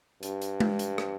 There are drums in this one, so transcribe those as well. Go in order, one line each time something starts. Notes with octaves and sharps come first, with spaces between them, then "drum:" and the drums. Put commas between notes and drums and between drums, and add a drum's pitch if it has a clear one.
G2, drum: hi-hat
drum: hi-hat
drum: tom G#3
drum: hi-hat
drum: rim click